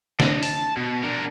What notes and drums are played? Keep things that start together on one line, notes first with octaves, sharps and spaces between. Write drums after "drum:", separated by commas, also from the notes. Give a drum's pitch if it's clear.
D4 D#5, drum: snare
A5, drum: open hi-hat
B2
D4 A#4